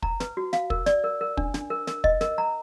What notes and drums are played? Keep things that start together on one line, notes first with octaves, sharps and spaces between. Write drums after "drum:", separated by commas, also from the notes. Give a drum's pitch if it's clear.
A#5, drum: kick
B4, drum: snare
F#4
F5, drum: snare
A#4, drum: kick
D5, drum: snare
A#4
A#4
D4, drum: kick
D4, drum: snare
A#4
A#4, drum: snare
D#5, drum: kick
A#4, drum: snare
A#5